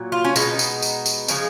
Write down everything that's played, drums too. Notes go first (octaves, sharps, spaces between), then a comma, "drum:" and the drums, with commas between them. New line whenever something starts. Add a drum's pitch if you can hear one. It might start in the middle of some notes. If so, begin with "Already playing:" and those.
Already playing: A#2 F#3
F4
C#4
B2 G#3 B3 D#4, drum: tambourine
drum: tambourine
drum: tambourine
drum: tambourine
C#3 F3 G#3, drum: tambourine